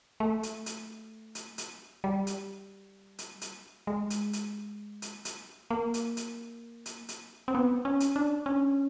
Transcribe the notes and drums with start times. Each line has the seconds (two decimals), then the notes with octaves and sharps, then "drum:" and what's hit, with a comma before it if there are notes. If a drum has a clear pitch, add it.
0.20 A3
0.43 drum: hi-hat
0.66 drum: hi-hat
1.35 drum: hi-hat
1.58 drum: hi-hat
2.04 G3
2.27 drum: hi-hat
3.19 drum: hi-hat
3.41 drum: hi-hat
3.87 G#3
4.10 drum: hi-hat
4.33 drum: hi-hat
5.02 drum: hi-hat
5.25 drum: hi-hat
5.70 A#3
5.94 drum: hi-hat
6.17 drum: hi-hat
6.86 drum: hi-hat
7.09 drum: hi-hat
7.48 C4
7.55 B3
7.85 C#4
8.00 drum: hi-hat
8.16 D4
8.46 C#4